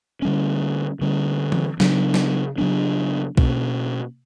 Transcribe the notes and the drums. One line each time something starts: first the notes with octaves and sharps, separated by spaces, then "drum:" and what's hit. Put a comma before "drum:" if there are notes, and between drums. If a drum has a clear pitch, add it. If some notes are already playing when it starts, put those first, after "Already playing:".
D3 G3 C#4
D3 G3 C#4
drum: tom E3
C#3 F#3 B3 D4, drum: snare
drum: snare
C#3 F#3 B3 D4
B2 A#3 C#4, drum: kick B1